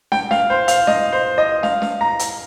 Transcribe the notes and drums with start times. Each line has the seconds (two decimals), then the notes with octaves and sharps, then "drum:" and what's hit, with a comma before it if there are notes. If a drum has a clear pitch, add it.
0.12 G5, drum: snare
0.31 F5, drum: snare
0.50 C5
0.68 F5, drum: hi-hat
0.87 D#5, drum: snare
1.12 C5
1.38 D#5
1.63 F5, drum: snare
1.82 drum: snare
2.01 A#5
2.19 drum: hi-hat